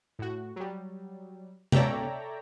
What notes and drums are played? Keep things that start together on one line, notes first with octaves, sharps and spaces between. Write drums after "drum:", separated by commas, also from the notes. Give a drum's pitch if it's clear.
A2 F#4
F#3 G3
A4 C#5 D5 E5 G5 A#5, drum: tom C3